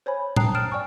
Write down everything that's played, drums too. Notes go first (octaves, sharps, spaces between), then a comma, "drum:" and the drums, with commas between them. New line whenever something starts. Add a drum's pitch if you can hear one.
C5 C#5 G#5 B5
G5 A5 A#5 D#6 F#6 C7, drum: tom A2
F6 A6 D7 E7
D5 G5 G#5 C#6